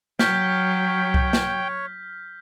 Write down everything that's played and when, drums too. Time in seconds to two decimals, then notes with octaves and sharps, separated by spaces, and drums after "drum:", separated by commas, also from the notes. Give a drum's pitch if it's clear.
0.19 F#3 C#5 G5 F6 G6 B6, drum: snare
1.14 drum: kick C2
1.33 drum: snare